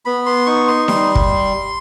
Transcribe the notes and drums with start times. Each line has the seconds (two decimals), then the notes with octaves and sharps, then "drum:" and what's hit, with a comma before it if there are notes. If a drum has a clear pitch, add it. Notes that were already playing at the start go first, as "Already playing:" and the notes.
0.05 B3 B5
0.26 C6
0.46 D#4 C#6
0.68 C6
0.88 G3 C6, drum: snare D#4
1.15 drum: kick